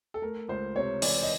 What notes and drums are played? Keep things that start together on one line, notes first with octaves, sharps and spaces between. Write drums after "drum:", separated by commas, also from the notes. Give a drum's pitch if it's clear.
A4
A3 A#4
C#2 C5
C3 C#5
E3 D5, drum: open hi-hat
D#5